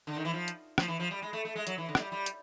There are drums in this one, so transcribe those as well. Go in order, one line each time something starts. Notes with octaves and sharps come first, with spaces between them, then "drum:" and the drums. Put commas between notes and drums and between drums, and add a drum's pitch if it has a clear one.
D3
D#3
E3
F3
drum: hi-hat
F3, drum: rim click
E3
F3
G3
G#3
A3
A3
G#3
F#3, drum: hi-hat
E3
D3
G#3, drum: rim click
G3
G3
drum: hi-hat